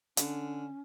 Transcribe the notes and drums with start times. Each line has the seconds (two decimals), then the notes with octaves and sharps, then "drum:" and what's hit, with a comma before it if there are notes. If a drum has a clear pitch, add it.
0.17 D3 C#4, drum: hi-hat